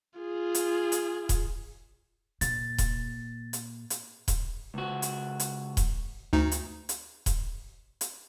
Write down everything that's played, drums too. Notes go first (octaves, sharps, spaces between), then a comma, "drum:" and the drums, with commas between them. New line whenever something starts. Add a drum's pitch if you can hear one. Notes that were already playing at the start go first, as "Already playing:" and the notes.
F4 G#4
drum: hi-hat
drum: hi-hat
drum: kick D#1, hi-hat
A#2 A6, drum: hi-hat
drum: kick D#1, hi-hat
drum: hi-hat
drum: hi-hat
drum: kick D#1, hi-hat
C#2 F#4
drum: hi-hat
drum: hi-hat
drum: kick D#1, hi-hat
D2 D#4
drum: hi-hat
drum: hi-hat
drum: kick D#1, hi-hat
drum: hi-hat